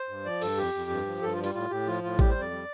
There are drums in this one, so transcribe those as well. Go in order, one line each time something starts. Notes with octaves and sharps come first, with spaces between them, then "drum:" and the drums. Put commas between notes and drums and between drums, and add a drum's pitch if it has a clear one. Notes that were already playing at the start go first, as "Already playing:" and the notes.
Already playing: C5
G2
F3 D5
G2 A4, drum: cymbal
F2 G4
F2
G2
F3
G2 A4
F4
G3
F4, drum: open hi-hat
A2 F4
A2 G4
F3 F4
A2 F4
G3 G4, drum: kick A1
C5
F2 D5
G3